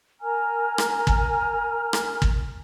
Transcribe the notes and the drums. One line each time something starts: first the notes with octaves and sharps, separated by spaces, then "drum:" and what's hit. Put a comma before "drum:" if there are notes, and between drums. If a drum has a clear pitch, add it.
A#4 G#5 A#5 F6
drum: rim click
drum: kick
drum: rim click
drum: kick